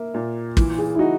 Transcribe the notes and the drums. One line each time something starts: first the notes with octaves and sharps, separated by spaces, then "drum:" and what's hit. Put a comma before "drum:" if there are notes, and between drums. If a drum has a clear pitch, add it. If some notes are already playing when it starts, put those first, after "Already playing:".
Already playing: A#3 E5
A#2
E3, drum: kick
G#4
E4
D#4 F#4